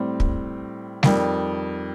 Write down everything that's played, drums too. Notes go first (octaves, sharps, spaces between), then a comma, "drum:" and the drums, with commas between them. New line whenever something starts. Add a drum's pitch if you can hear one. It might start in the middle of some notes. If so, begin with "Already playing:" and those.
Already playing: A2 G3 C4
drum: kick
F2 D#3 G3, drum: snare G3